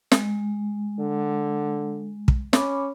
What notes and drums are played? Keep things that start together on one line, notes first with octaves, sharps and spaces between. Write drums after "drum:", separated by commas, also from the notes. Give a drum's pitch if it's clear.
G#3, drum: snare
D3
drum: kick
C#4 B5 D6, drum: snare